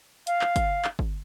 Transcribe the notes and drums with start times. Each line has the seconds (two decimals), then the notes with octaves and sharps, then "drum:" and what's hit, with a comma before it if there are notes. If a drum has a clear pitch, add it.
0.27 F5, drum: hi-hat
0.41 drum: clap
0.56 drum: kick, hi-hat
0.85 drum: clap
0.99 drum: kick